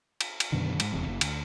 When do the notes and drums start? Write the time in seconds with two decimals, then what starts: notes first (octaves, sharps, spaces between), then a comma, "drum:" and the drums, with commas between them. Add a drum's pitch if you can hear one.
0.21 drum: cymbal
0.40 drum: cymbal
0.52 F#2 B2 D3 D#3
0.80 G#2, drum: cymbal
0.92 D#1 E2 C3
1.07 F#1
1.21 D2, drum: cymbal